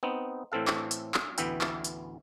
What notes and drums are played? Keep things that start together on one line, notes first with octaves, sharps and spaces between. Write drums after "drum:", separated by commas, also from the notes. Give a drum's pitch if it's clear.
B3 C4 D#4
A2 E3 C4 A4 F5
drum: clap
drum: hi-hat
drum: clap
A1 D2 E3 B3 E5 G5, drum: hi-hat
drum: clap
drum: hi-hat